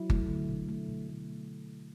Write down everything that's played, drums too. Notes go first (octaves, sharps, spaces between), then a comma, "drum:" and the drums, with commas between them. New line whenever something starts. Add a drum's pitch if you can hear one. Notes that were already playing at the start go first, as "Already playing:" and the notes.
Already playing: F#3 E4
A3, drum: kick G1
D3
B2
A3
B2
A3